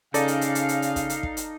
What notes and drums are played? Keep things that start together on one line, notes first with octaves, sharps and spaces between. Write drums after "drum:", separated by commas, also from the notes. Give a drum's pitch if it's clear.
C#3 D#4 A4 D5 F5, drum: hi-hat
drum: hi-hat
drum: hi-hat
drum: hi-hat
drum: hi-hat
drum: hi-hat
drum: kick, hi-hat
drum: hi-hat
drum: kick
drum: hi-hat